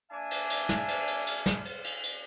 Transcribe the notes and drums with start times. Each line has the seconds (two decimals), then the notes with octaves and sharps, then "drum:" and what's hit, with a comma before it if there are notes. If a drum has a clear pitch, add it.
0.11 A#3 D4 D5 E5 G#5
0.31 drum: cymbal
0.50 drum: cymbal
0.69 drum: snare
0.88 drum: cymbal
1.07 drum: cymbal
1.27 drum: cymbal
1.46 drum: snare
1.65 drum: cymbal
1.84 drum: cymbal
2.03 drum: cymbal